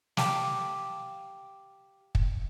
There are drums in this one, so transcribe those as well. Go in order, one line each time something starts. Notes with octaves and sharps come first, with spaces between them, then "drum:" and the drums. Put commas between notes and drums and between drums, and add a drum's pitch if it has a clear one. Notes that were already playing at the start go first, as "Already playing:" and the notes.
G4 F5 A5 D6, drum: snare
drum: kick